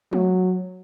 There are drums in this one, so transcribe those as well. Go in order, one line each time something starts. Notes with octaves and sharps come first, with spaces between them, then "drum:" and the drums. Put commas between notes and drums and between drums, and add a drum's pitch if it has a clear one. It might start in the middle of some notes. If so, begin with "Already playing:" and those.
F#3, drum: tom G#3